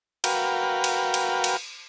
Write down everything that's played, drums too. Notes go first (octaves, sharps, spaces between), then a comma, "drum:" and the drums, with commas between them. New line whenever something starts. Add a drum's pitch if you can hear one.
F#4 A#4 B4 F5 G5, drum: cymbal
drum: cymbal
drum: cymbal
drum: cymbal